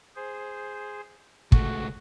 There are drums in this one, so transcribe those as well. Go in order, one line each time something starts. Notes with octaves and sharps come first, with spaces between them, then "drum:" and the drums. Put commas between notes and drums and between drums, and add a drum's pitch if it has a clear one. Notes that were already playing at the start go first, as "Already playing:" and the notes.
G#4 C5
C#2 A3 F#4, drum: kick